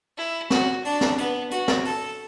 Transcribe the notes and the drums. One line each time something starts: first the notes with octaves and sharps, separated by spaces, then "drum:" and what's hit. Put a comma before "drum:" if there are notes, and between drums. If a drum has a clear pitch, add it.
E4
F#4, drum: snare
D4, drum: open hi-hat
drum: snare
B3, drum: hi-hat
F#4, drum: hi-hat
drum: snare
A4, drum: open hi-hat